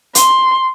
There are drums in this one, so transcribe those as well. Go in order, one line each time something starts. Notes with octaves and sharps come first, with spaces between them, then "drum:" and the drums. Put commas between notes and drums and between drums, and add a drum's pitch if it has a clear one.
C6, drum: hi-hat